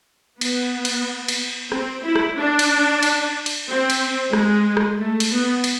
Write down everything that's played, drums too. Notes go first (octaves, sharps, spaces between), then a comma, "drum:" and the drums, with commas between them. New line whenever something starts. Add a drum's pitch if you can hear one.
B3, drum: cymbal
drum: cymbal
drum: cymbal
C4, drum: rim click
E4
drum: rim click
D4
drum: cymbal
drum: cymbal
drum: cymbal
C4
drum: cymbal
G#3, drum: rim click
drum: rim click
A3
drum: cymbal
B3
drum: cymbal